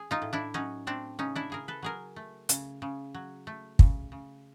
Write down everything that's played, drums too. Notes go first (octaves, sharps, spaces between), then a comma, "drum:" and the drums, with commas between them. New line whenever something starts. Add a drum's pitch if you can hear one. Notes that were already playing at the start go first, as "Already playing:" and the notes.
Already playing: G#4
D#4 F4
A2
D4 E4
F#3 C#4 D#4
A3 C4 D4
C#3 C#4 D#4
D4 E4
C#3 G#4 A#4
A4 B4
F#3 G#4 A#4
A3
C#3, drum: hi-hat
C#3
F#3
A3
C#3, drum: kick
C#3